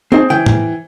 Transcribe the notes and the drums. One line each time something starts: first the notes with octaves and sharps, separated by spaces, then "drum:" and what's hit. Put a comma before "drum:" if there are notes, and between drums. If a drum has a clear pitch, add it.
A#3 C4 D#4 G#4 C5
E3 G5
drum: tom A2